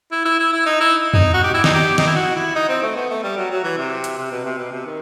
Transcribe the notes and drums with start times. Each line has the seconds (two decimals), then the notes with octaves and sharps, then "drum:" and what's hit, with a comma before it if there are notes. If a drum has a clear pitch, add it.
0.12 E4
0.25 E4
0.39 E4
0.53 E4
0.66 D#4
0.80 E4
1.14 D#4, drum: tom E2
1.34 F#4
1.43 G4
1.54 E4
1.64 D#4, drum: snare
1.74 G4
1.98 D#4, drum: snare
2.07 E4
2.15 F#4
2.35 E4
2.56 D#4
2.69 C4
2.82 A3
2.96 B3
3.09 A3
3.23 G3
3.36 F#3
3.50 F#3
3.63 E3
3.77 C3
4.04 drum: hi-hat
4.17 C3
4.31 B2
4.45 C3
4.58 B2
4.71 C3
4.85 D#3